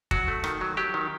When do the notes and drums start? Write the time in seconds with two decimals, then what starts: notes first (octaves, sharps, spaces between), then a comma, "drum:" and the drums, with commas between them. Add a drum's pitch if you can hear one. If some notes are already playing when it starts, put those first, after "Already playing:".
0.11 F#3 F#4, drum: kick
0.28 A3
0.44 D#3, drum: rim click
0.61 F#3
0.77 F#3 G4
0.94 D#3